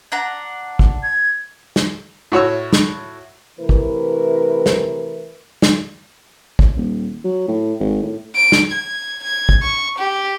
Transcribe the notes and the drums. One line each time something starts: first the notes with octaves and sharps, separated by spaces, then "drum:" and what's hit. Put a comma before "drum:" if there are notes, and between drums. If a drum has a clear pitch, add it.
D4 F#5 A#5
drum: kick
G#6
drum: snare
A2 F#4 C#5 E6
drum: snare
C3 E3 A3 E4 A#4 B4
drum: kick
drum: snare
drum: snare
drum: kick
D#1
F#3
A2
G#1
A2
D7
drum: snare
G#6
G#6
drum: kick
C#6
G4